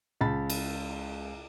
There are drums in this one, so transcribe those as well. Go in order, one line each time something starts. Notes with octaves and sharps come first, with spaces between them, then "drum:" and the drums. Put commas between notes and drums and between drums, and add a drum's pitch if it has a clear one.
C#2 A5 B5 A6
drum: cymbal